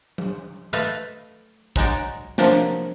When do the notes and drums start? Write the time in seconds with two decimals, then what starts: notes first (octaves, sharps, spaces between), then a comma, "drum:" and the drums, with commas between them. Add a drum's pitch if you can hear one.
0.18 drum: tom F#3
0.73 A3 A4 B4 D#5 F5
1.76 F#3 G#3 D#4 F#4 D5, drum: kick
2.38 C3 F3 F#3 A#3 D4 G4, drum: snare